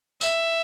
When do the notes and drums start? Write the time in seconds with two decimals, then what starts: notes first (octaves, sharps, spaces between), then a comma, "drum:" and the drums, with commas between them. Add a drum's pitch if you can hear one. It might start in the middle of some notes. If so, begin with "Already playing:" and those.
0.21 E5, drum: tambourine